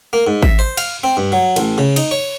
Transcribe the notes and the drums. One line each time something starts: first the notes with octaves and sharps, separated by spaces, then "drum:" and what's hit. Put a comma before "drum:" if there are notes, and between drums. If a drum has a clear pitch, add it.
A#3
G#2
E5, drum: kick G#1
C5
F5, drum: cymbal
C4
G2
F#3
A1, drum: cymbal
C#3
D#4, drum: cymbal
C#5